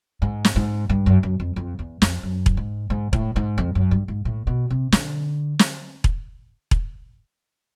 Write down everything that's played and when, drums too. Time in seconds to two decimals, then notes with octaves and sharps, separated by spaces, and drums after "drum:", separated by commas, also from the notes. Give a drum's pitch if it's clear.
0.22 G#2
0.45 drum: snare
0.56 G#2
0.89 G2
1.06 F#2
1.23 F#2
1.40 F2
1.56 F2
1.79 E2
2.02 F2, drum: snare
2.23 F#2
2.46 drum: kick E1
2.57 G#2
2.90 G#2
3.13 A2, drum: kick E1
3.36 G#2
3.58 F2
3.75 F#2
3.91 G2
4.08 G#2
4.25 A2
4.47 B2
4.70 C3
4.92 D3, drum: snare
5.59 drum: snare
6.04 drum: kick E1
6.71 drum: kick E1